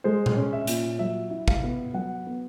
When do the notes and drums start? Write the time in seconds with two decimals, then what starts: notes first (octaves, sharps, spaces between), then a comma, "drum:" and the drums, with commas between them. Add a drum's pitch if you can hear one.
0.04 G#3 C5
0.26 drum: tom A#2
0.36 C#4
0.53 E5
0.67 A#2, drum: hi-hat
0.99 F#3 E5
1.31 E4
1.48 F5, drum: kick
1.63 B3
1.94 F#3 F#5
2.26 B3